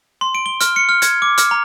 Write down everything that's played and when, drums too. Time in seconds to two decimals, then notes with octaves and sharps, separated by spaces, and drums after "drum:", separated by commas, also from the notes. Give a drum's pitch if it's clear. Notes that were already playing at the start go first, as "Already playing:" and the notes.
0.21 C6
0.35 D7
0.46 G7
0.61 F6, drum: hi-hat
0.76 C#7
0.89 F6
1.02 G#6, drum: hi-hat
1.22 D6
1.38 F6, drum: hi-hat
1.51 A#5